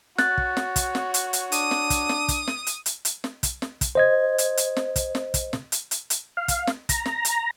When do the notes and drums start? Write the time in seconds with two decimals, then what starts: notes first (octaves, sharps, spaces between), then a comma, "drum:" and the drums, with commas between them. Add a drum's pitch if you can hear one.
0.18 F#4 C#5 F#6 A6, drum: snare
0.38 drum: kick
0.57 drum: snare
0.76 drum: kick, hi-hat
0.95 drum: snare
1.14 drum: hi-hat
1.33 drum: hi-hat
1.52 D4 D#6, drum: hi-hat
1.71 drum: snare
1.90 drum: kick, hi-hat
2.09 drum: snare
2.28 drum: kick, hi-hat
2.47 drum: snare
2.67 drum: hi-hat
2.86 drum: hi-hat
3.05 drum: hi-hat
3.24 drum: snare
3.43 drum: kick, hi-hat
3.62 drum: snare
3.81 drum: kick, hi-hat
3.95 C5 D#5 G#6
4.38 drum: hi-hat
4.57 drum: hi-hat
4.77 drum: snare
4.96 drum: kick, hi-hat
5.15 drum: snare
5.34 drum: kick, hi-hat
5.53 drum: snare
5.72 drum: hi-hat
5.91 drum: hi-hat
6.10 drum: hi-hat
6.37 F5
6.48 drum: kick, hi-hat
6.67 drum: snare
6.89 A#5, drum: kick, hi-hat
7.06 drum: snare
7.25 drum: hi-hat